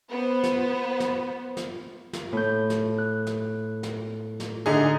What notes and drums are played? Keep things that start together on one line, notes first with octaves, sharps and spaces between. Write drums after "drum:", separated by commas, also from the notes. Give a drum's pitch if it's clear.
B3 C5
drum: snare
drum: snare
drum: snare
drum: snare
A2 G6
drum: snare
F#6
drum: snare
drum: snare
drum: snare
D3 D#4 G#4